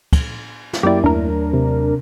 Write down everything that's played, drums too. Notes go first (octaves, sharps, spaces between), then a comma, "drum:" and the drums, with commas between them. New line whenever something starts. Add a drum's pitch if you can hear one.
drum: kick, cymbal
drum: snare
F#2 A#3 E4 G4 D5
D#2 F#3 A3 D4 A#4
C3